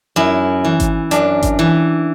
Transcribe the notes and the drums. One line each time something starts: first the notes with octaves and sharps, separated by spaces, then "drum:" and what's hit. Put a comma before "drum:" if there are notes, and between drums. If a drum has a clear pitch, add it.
F#2 E4
E3
drum: kick G#1, hi-hat
F#2 D4, drum: hi-hat
drum: kick G#1, hi-hat
E3